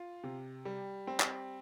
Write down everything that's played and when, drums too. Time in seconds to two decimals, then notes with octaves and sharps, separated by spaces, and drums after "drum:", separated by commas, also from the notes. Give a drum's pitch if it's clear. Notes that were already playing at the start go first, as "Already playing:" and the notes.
Already playing: F4
0.24 C3
0.65 G3
1.07 C4
1.20 drum: clap